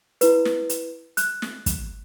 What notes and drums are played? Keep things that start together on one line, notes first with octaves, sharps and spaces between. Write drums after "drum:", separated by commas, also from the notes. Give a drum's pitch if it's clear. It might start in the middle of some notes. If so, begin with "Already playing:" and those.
E4 B4, drum: hi-hat
drum: snare
drum: hi-hat
F#6, drum: hi-hat
drum: snare
drum: kick, hi-hat